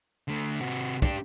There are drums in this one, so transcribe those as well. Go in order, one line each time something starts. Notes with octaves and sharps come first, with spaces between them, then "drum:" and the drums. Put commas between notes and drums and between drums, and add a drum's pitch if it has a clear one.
D3 A3
C3 F#4
D4 G4, drum: kick